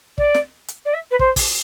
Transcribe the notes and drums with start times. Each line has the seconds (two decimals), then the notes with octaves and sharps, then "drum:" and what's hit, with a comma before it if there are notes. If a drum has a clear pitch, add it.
0.18 D5, drum: kick
0.35 drum: snare
0.68 drum: hi-hat
0.85 D5
0.94 E5
1.11 B4
1.19 C5, drum: kick
1.36 drum: kick, open hi-hat